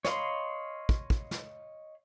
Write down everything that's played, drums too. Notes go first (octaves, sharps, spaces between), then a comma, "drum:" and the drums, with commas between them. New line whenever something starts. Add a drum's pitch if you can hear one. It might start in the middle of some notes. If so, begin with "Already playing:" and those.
C#5 D#5 F5 B5 C6, drum: snare
drum: kick
drum: kick
drum: snare